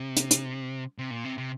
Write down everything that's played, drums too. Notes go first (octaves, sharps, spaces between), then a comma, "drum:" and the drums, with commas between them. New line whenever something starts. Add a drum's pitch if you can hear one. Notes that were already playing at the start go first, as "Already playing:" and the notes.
Already playing: C3
drum: hi-hat
drum: hi-hat
C3
A#2
C3
C3